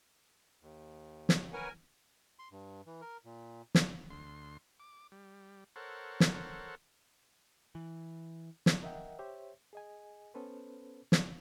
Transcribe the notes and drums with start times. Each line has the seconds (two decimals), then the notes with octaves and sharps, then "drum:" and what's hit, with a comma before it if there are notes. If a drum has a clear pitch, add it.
0.62 D#2
1.29 drum: snare
1.53 A#4 B4 C#5 F#5 G#5
2.39 C6
2.52 G2
2.87 E3
3.02 A#4
3.25 A#2
3.75 drum: snare
4.11 D2 C6
4.80 D6
5.12 G3
5.76 A4 A#4 C5 C#5 F#5
6.20 drum: snare
7.75 E3
8.66 drum: snare
8.83 A#4 D#5 E5 F#5 G5
9.19 G4 C5 C#5 E5
9.73 G#4 D#5 G#5
10.34 B3 C#4 A4 B4 C5
11.12 drum: snare